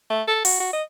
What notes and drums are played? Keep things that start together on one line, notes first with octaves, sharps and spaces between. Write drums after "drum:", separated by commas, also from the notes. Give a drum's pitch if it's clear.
A3
A4
F#4, drum: open hi-hat
F#4
D#5